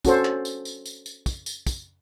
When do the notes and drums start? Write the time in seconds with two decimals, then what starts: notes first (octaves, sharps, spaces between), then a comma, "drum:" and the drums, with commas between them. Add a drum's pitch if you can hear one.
0.05 C#4 F#4 A4 C5, drum: kick, tambourine
0.25 drum: clap
0.45 drum: tambourine
0.65 drum: tambourine
0.86 drum: tambourine
1.06 drum: tambourine
1.26 drum: kick, tambourine
1.46 drum: tambourine
1.67 drum: kick, tambourine